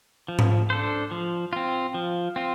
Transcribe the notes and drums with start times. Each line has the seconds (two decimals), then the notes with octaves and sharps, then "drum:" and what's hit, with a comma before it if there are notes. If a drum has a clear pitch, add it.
0.28 F3
0.39 drum: tom G#2
0.70 D4 A4 C5
1.11 F3
1.53 C4 F4
1.94 F3
2.36 C4 F4